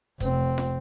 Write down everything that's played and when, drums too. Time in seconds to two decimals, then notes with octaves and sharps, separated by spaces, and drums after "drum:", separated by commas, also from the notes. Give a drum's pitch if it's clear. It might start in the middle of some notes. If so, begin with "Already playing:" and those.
0.20 F1 C4, drum: kick, hi-hat
0.58 drum: snare